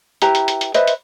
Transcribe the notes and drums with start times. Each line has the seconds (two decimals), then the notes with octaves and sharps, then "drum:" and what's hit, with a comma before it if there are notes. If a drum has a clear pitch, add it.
0.22 E4 G4 B4 A#5, drum: hi-hat
0.35 drum: hi-hat
0.48 drum: hi-hat
0.61 drum: hi-hat
0.74 B4 C5 D#5 E5, drum: hi-hat
0.87 drum: hi-hat